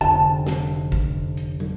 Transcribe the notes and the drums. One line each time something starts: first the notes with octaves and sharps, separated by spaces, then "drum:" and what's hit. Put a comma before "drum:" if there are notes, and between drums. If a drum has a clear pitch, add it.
F1 D3 A5, drum: hi-hat
drum: snare
drum: kick
drum: hi-hat
drum: tom